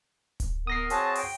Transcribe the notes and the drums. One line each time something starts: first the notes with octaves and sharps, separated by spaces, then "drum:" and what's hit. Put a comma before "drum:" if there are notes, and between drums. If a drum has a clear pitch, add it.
drum: kick D1, hi-hat
B3 A#4 D#6 A#6 C7
C4 F#4 G#4 C#5 A5, drum: hi-hat
G5, drum: open hi-hat